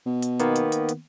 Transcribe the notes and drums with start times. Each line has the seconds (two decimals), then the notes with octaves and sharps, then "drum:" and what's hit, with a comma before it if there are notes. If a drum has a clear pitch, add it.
0.06 B2
0.23 drum: hi-hat
0.40 D#3 A#3 B3, drum: hi-hat
0.56 drum: hi-hat
0.72 drum: hi-hat
0.89 drum: hi-hat